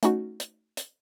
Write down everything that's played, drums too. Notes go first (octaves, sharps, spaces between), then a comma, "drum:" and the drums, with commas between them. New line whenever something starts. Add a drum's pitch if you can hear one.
A3 C#4 D#4 F#4, drum: hi-hat
drum: hi-hat
drum: hi-hat